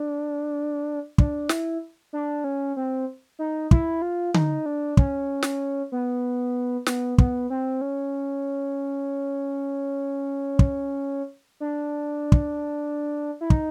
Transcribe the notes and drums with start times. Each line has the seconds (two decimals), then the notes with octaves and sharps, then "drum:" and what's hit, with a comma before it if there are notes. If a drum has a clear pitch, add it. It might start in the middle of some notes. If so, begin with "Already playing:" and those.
Already playing: D4
1.18 D4, drum: kick
1.49 E4, drum: snare
2.13 D4
2.44 C#4
2.77 C4
3.39 D#4
3.71 E4, drum: kick
4.02 F4
4.34 D#4, drum: tom D3
4.66 D4
4.97 C#4, drum: kick
5.43 drum: snare
5.92 B3
6.86 B3, drum: snare
7.18 B3, drum: kick
7.50 C4
7.81 C#4
10.59 drum: kick
11.60 D4
12.32 drum: kick
13.41 E4
13.50 D#4, drum: kick